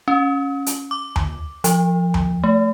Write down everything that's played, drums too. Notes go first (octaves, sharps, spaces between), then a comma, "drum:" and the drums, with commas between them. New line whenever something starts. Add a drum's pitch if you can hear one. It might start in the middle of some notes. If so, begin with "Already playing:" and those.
C#4
drum: hi-hat
D6
drum: tom D#2
F3, drum: hi-hat
drum: tom D#2
A3